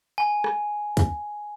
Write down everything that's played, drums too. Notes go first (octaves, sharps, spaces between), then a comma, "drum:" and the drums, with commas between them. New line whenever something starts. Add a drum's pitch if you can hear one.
G#5
drum: rim click
drum: kick, hi-hat